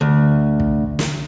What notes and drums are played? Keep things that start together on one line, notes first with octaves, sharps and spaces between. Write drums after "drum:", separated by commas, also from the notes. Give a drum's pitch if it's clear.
D2
drum: kick
drum: snare